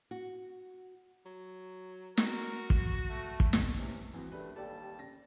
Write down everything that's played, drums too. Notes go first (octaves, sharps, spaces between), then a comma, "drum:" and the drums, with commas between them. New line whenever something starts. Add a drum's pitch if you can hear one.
F#4
F#3
F#4 A#4, drum: snare
drum: kick
A3
drum: kick
drum: snare
C3 E3 C#4
E3 B3 C4 F#4
F#2 A3 D4 G4 B4
D#2 G3 G4 A4 D5 A5
C#3 A#6